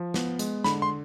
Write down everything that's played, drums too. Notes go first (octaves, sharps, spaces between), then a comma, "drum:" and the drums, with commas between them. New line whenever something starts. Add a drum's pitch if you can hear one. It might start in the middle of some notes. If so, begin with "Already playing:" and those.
Already playing: F3
B3, drum: snare
G#3, drum: hi-hat
D3 B5, drum: snare
C6